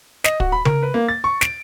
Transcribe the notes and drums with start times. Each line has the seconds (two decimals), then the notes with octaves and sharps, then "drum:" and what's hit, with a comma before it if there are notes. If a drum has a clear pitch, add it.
0.24 D#5, drum: snare
0.40 F#4, drum: kick
0.52 B5
0.65 A#4, drum: tom C#3
0.83 B4
0.94 A#3
1.08 A6
1.24 C#6
1.41 D7, drum: snare